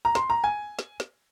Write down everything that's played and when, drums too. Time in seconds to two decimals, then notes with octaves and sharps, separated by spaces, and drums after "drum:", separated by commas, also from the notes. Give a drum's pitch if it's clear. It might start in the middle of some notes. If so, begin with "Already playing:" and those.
0.05 A#5
0.15 C6, drum: snare
0.30 A#5
0.44 G#5
0.79 drum: snare
1.00 drum: snare